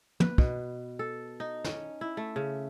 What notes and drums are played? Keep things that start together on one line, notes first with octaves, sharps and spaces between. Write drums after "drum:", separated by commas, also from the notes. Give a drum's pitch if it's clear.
B4, drum: tom
B2, drum: kick
A4
D#4
C#4, drum: snare
E4
A3
C#3